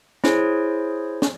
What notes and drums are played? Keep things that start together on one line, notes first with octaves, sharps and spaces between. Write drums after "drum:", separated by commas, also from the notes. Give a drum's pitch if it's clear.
E4 G#4 C5 C#5, drum: snare
drum: snare